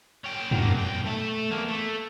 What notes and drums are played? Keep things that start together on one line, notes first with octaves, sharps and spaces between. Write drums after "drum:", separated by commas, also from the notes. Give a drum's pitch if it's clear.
C#4 G5
F#3 A#3, drum: tom
B1 G5
A3 E5
E2 A#3
A3